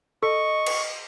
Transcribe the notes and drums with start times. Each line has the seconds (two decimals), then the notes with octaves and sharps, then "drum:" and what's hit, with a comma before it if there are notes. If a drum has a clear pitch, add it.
0.23 A4 D#5 C#6
0.67 drum: cymbal